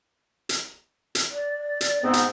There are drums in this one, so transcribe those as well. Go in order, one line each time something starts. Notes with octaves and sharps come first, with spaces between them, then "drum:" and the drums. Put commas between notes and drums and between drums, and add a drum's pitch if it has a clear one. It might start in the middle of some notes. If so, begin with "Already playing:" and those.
drum: hi-hat
drum: hi-hat
D5
drum: hi-hat
G#2 B3 C4 C5
drum: hi-hat